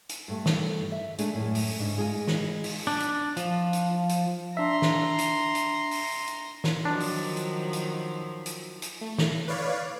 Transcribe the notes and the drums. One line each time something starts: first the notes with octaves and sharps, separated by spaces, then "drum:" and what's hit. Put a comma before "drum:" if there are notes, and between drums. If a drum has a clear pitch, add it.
drum: hi-hat
G2 A3
drum: snare
E5
G#3 A3 D4, drum: hi-hat
F#2 A2
drum: open hi-hat
G#2 C#3 D4
G#3 D#4 F4 G#5
drum: snare
drum: open hi-hat
D4
drum: hi-hat
F3, drum: hi-hat
drum: hi-hat
drum: hi-hat
D4 E5 A#5 C6
drum: snare
drum: hi-hat
drum: hi-hat
drum: open hi-hat
drum: hi-hat
drum: snare
D#3 F3 F#3 D4
drum: open hi-hat
drum: hi-hat
drum: hi-hat
drum: hi-hat
drum: hi-hat
A3
drum: snare
B4 C#5 D5 F5